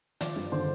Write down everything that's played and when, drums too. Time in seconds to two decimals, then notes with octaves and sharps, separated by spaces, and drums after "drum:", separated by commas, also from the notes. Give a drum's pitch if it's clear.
0.21 F3 D5, drum: hi-hat
0.36 G2
0.52 D3 C5